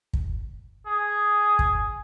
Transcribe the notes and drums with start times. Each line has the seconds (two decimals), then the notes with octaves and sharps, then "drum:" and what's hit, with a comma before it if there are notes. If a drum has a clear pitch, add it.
0.13 drum: kick
0.86 G#4
1.59 drum: kick